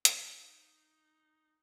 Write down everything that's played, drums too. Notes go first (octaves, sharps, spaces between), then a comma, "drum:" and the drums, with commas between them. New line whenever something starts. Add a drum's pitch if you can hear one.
D#4, drum: hi-hat